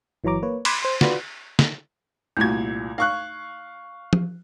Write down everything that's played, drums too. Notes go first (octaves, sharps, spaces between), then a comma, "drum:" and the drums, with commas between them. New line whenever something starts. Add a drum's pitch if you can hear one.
G1 E3 F#3 C#5 A#5 D6
A#3 B4 C#5
B5 C6 D6 G#6 B6, drum: cymbal
C5 C6
F4 F#4 B4 D5 C6, drum: snare
drum: snare
C2 A#2 A3 F#4 G#6
D#4 F5 C#6 F#6
drum: tom F3